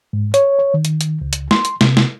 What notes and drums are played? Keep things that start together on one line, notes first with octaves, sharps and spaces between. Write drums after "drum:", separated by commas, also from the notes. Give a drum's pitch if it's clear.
G#2
C#5, drum: hi-hat
C#5
D#3
drum: hi-hat
drum: hi-hat
C#2
drum: hi-hat
C6, drum: snare
drum: hi-hat
C3, drum: snare
drum: snare